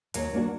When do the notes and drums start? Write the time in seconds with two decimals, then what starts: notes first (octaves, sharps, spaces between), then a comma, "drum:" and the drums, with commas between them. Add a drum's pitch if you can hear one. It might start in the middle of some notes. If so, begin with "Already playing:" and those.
0.14 D#2 F#3, drum: hi-hat
0.33 D#3 A#3 D4 F#4